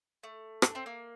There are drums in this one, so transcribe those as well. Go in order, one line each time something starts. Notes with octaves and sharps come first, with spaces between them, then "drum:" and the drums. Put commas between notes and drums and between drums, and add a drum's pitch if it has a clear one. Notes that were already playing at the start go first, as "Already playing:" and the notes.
A3
D4, drum: rim click
C4
A#3